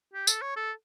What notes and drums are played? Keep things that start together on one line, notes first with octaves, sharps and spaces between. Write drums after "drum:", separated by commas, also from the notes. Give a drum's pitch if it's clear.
G4
A4, drum: tambourine
C#5
A4